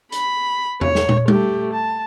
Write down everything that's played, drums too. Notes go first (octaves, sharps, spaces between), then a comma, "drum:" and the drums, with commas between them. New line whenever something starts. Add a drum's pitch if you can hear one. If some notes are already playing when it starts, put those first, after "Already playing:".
B5, drum: hi-hat
C#5, drum: tom E2
drum: snare
drum: tom
A3 G4, drum: tom G3
A5